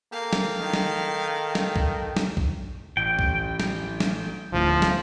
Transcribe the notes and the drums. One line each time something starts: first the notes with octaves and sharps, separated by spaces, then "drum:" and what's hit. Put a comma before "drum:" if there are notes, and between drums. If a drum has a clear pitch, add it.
A#3 A4 F5 G5
drum: snare
D#3
drum: snare
drum: snare
drum: kick
drum: snare
drum: kick
A1 G5
drum: kick
drum: snare
drum: snare
D#1 D2 A2 F3
drum: snare